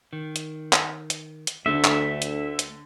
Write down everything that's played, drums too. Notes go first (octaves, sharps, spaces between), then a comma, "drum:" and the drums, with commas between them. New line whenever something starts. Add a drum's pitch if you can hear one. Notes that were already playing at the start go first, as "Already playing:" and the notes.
D#3
drum: hi-hat
drum: clap
drum: hi-hat
drum: hi-hat
D2 D3 A3 E5
drum: clap
drum: hi-hat
drum: hi-hat